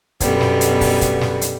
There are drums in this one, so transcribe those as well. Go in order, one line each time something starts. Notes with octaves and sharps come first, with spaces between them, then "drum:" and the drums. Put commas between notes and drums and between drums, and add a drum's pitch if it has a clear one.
F#2 B2 D3 G3 B3, drum: kick, hi-hat
drum: snare
drum: hi-hat
drum: kick, open hi-hat
drum: kick, hi-hat
drum: snare
drum: hi-hat